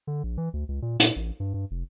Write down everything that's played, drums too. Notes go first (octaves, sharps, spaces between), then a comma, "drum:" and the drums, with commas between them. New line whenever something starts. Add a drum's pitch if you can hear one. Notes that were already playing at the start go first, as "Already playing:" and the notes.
D3
A#1
E3
D2
C#2
A#2
A#2, drum: hi-hat
A1
G2
G2
F1